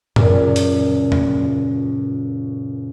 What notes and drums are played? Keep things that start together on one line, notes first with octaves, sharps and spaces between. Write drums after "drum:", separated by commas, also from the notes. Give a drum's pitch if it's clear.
C#2 F#2 A#2, drum: tom A2
drum: hi-hat
drum: tom